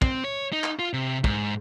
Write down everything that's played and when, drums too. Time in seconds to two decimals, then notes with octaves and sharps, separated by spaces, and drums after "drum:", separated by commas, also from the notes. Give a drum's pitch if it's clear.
0.02 C4, drum: kick
0.24 C#5
0.52 D#4
0.64 drum: clap
0.79 F4
0.93 C3
1.24 G#2, drum: kick